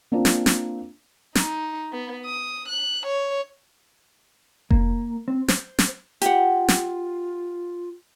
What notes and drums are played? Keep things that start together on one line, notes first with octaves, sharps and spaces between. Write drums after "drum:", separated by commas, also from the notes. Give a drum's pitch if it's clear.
A#3 C4 D4 F4
drum: snare
drum: snare
D#4, drum: snare
B3
D#6
F#6
C#5
A#3, drum: kick F1
C4
C5, drum: snare
drum: snare
F4 G4 F#5, drum: hi-hat
drum: snare